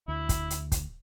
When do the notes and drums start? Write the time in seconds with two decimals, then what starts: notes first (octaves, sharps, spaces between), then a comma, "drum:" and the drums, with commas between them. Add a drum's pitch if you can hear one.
0.08 D2 E4
0.29 drum: kick, hi-hat
0.50 drum: hi-hat
0.72 drum: kick, hi-hat